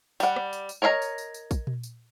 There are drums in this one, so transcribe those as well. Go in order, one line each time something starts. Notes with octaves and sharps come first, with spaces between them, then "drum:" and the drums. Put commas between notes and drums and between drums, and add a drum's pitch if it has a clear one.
G3 F#5, drum: tambourine
drum: rim click
drum: tambourine
drum: tambourine
A#4 C#5 D#5 F5 A#5
drum: tambourine
drum: tambourine
drum: tambourine
drum: kick, tambourine
drum: tom A#2
drum: tambourine